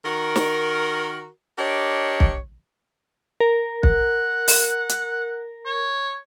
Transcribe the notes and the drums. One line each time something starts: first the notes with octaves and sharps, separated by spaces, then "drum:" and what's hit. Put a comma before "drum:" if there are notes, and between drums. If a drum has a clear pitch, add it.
D#3 F#4 A#4
drum: snare
D4 G4 A#4 C#5 D#5
drum: kick B1
A#4
F#5, drum: kick B1
drum: open hi-hat
drum: hi-hat
C#5